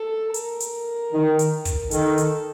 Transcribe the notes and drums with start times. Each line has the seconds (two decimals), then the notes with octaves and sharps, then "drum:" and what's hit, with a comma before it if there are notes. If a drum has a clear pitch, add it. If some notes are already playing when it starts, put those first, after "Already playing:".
Already playing: A4
0.34 A#4, drum: hi-hat
0.60 drum: hi-hat
1.13 D#3
1.39 drum: hi-hat
1.65 drum: kick, hi-hat
1.91 D#3 A4, drum: hi-hat
2.18 drum: hi-hat